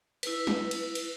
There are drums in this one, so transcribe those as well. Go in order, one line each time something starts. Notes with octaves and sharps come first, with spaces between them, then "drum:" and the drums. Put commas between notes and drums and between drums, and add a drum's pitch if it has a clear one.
E4 B4, drum: cymbal
drum: snare
drum: cymbal
drum: cymbal